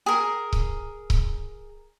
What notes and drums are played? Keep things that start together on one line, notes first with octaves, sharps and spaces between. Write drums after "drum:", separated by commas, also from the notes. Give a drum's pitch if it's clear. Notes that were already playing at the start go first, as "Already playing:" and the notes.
G#4 A#4
drum: kick C#1
drum: kick C#1